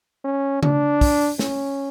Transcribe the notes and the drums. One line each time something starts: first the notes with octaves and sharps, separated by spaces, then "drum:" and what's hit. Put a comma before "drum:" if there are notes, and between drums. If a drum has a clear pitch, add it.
C#4
D4, drum: tom C#3
drum: kick, open hi-hat
C#4, drum: snare